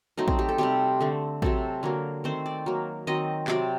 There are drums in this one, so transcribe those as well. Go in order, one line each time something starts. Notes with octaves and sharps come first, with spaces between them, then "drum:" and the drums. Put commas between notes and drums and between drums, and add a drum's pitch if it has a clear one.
F#3 A3 C4 D#4
C4, drum: kick
G4
A4
C3 G3 C4 G4
D3 A3 C4
C3 F#3 C4 A4, drum: kick
D3 F#3 A#3
D#3 A3 C4 C5
D5
F#3 A#3
D#3 F#3 C4 D#5
C3 F#3 C4 D5, drum: clap